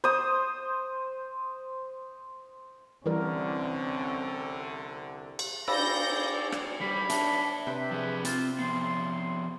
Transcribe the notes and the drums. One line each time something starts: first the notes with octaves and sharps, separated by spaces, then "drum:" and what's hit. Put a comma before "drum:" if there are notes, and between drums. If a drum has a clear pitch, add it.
C5 D#6
C2 D3 E3 G3 C4 C#4 A#4
drum: cymbal
D5 F5 B5 E6 G6 A#6, drum: cymbal
drum: rim click
G3 B5
D4 C#5 E5, drum: hi-hat
C3 B4 C5 G5
F3 G#4
C4 F4, drum: hi-hat
F3 B3 C6